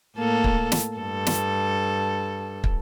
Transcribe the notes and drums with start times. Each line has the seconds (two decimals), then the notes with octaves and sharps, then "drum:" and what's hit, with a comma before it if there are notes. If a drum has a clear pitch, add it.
0.17 A2 A#3 A4
0.44 drum: kick
0.72 drum: snare
0.97 G2 A4
1.27 drum: snare
2.64 drum: kick